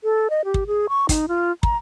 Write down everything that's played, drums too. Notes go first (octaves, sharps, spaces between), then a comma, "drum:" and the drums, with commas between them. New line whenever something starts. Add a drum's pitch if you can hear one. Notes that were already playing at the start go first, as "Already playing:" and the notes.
A4
D#5
G4
drum: kick
G#4
C#6
D#4, drum: kick, hi-hat
F4
A#5, drum: kick